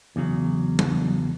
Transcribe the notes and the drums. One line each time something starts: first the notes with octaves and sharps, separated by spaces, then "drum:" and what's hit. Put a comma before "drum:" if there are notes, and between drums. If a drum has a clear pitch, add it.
E2 C#3 F#3
drum: tom F#3